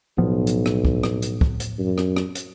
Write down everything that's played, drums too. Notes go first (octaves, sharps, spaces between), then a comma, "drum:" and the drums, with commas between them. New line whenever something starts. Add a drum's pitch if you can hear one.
B1 A2 F3 B3
drum: hi-hat
drum: rim click
drum: kick
drum: rim click
drum: hi-hat
drum: kick
drum: hi-hat
F#2
drum: rim click
drum: rim click
drum: hi-hat